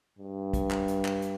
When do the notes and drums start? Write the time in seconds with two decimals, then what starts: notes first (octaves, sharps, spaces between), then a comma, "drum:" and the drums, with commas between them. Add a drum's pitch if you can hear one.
0.19 G2
0.53 drum: kick, hi-hat
0.71 drum: clap
0.88 drum: hi-hat
1.05 drum: clap
1.22 drum: hi-hat